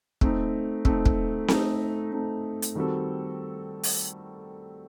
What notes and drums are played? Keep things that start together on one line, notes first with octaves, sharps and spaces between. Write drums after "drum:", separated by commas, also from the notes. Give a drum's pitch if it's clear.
A3 C4 D#4, drum: kick
A3 C4 D#4, drum: kick
drum: kick
A3 C4 D#4, drum: snare C4
A3 C4 D#4
drum: hi-hat
D#3 G3 C4 F#4 A4
drum: open hi-hat